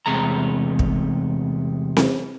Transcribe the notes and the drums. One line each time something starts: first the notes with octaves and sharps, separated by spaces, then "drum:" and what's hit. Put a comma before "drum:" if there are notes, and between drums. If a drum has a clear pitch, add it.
E2 C3 G#3 A3 A#5
drum: kick
drum: snare C4